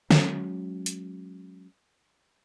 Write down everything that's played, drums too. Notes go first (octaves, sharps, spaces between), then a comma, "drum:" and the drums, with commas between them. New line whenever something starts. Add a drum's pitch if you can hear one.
F#3 G#3 C#4, drum: snare
drum: hi-hat